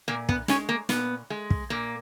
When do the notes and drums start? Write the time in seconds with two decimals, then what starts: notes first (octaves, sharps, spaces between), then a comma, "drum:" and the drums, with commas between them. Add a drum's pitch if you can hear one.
0.08 A#2 A#3
0.29 B3, drum: kick
0.48 G#3 C#4, drum: snare
0.69 A#3
0.89 A#2 B3, drum: snare
1.30 G#3
1.50 drum: kick
1.70 A#2 A#3